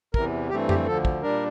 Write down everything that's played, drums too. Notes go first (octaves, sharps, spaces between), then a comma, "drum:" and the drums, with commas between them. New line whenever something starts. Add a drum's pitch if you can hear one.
E2 C3 E3 A#4, drum: kick
G2 E3 A3 C4 G4
G4, drum: tom F2
D2 D3 F3 A4
drum: kick
A#2 G3 D4 A#4